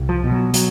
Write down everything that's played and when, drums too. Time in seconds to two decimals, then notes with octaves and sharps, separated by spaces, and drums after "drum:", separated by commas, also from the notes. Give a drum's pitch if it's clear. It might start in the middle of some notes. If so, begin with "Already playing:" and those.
Already playing: C2
0.09 F3
0.24 B2
0.31 F#3
0.54 F#3, drum: hi-hat